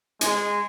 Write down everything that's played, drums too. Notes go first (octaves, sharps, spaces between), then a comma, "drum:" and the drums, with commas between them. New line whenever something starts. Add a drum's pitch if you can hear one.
G#3, drum: hi-hat